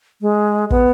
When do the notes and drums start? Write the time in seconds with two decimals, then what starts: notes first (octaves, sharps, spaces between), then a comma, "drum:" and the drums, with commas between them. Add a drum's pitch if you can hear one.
0.22 G#3
0.70 B3, drum: kick